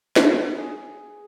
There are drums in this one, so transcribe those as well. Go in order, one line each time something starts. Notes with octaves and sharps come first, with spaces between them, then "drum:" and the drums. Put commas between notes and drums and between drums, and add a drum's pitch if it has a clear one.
B3, drum: snare
G#4